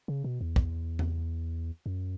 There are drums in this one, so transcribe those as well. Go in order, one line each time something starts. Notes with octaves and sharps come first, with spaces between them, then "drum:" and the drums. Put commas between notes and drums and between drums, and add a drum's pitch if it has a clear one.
C#3
B2
E2
drum: kick
drum: tom E2
F#2